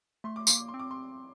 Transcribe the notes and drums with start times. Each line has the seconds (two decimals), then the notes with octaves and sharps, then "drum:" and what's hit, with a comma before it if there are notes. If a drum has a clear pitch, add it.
0.24 A3 C6
0.36 D6
0.47 A#3 C6, drum: tambourine
0.57 D6
0.68 C6
0.74 C4
0.79 D6
0.91 C6